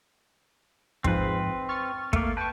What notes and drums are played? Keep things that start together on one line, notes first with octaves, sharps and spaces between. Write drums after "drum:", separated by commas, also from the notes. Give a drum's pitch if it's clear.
G#2 F3 C4 B4, drum: kick
C#6 F6 A6
A3 A#3, drum: kick
B4 G5 A5 C#6